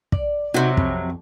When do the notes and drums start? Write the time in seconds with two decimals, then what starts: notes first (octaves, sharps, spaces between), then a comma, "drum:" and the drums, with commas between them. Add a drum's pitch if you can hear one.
0.12 D5, drum: kick
0.54 C3 F#3 D#4 F#4
0.77 F2 G4, drum: kick